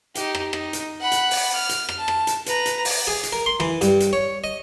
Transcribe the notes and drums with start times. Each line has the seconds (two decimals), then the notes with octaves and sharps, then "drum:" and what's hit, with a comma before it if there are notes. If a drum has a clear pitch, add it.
0.15 D#4 G4, drum: hi-hat
0.35 drum: rim click
0.53 D#4, drum: rim click
0.73 drum: hi-hat
1.00 F#5 B5
1.12 drum: hi-hat
1.31 drum: open hi-hat
1.54 F6
1.69 drum: hi-hat
1.89 drum: rim click
1.98 A5
2.08 drum: rim click
2.27 drum: hi-hat
2.46 B4 A#5, drum: hi-hat
2.66 drum: hi-hat
2.85 drum: open hi-hat
3.07 G#4
3.23 drum: hi-hat
3.33 A#4
3.46 C6
3.60 E3, drum: rim click
3.81 G2, drum: hi-hat
4.00 drum: hi-hat
4.13 C#5
4.44 D#5